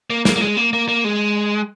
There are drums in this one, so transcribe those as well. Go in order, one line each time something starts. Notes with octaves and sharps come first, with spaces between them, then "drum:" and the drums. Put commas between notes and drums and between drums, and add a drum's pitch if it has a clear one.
A#3
A#3, drum: snare
A#3
G#3
A#3
A#3
A#3
G#3